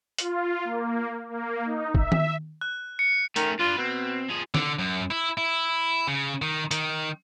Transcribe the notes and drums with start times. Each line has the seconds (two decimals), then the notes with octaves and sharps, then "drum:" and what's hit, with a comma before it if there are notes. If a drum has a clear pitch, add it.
0.18 F4, drum: hi-hat
0.65 A#3
1.29 A#3
1.65 D#4
1.95 E5, drum: kick
2.12 drum: tom D#3
2.61 F#6
2.99 C#7
3.36 D#3 A3 C#4, drum: hi-hat
3.59 D4 F4 B4
3.78 B2 C4
4.30 F3 G#4
4.54 D3, drum: snare
4.79 F#2
5.11 E4
5.37 E4
6.07 C#3
6.42 D#3
6.71 D#3, drum: hi-hat